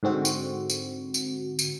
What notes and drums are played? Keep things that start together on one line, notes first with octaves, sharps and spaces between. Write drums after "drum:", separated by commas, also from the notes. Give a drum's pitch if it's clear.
G#2 D3 C4 F#4
drum: tambourine
drum: tambourine
drum: tambourine
drum: tambourine